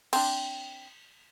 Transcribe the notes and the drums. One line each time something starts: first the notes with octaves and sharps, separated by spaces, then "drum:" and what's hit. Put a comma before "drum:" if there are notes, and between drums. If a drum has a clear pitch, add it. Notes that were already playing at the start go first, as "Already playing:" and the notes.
C4 D4, drum: cymbal